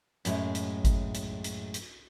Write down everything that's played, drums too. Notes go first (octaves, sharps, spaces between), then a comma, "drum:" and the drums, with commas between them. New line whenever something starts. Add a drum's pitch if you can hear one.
F#2 A2 G#3, drum: hi-hat
drum: hi-hat
drum: kick G#1, hi-hat
drum: hi-hat
drum: hi-hat
drum: hi-hat